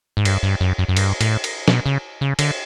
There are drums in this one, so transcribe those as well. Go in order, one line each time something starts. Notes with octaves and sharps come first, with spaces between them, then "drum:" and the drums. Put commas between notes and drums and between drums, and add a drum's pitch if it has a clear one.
G#2
G2, drum: cymbal
G2
F#2
F#2
F#2
G2, drum: cymbal
A2, drum: cymbal
drum: cymbal
B2, drum: snare
C#3
C#3
D3, drum: cymbal